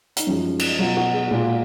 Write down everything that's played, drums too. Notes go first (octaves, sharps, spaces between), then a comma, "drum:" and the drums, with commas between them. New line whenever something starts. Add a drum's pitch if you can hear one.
D#4, drum: hi-hat
F#2 F3 G#3 C#4
drum: cymbal
B2 F#3 F4
F#4
G#4
A#2 G#3 F4
F#4